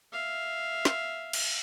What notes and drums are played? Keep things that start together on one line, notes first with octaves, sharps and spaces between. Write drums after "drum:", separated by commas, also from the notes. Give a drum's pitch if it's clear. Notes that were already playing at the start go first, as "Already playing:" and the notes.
E5 F5
drum: snare
drum: cymbal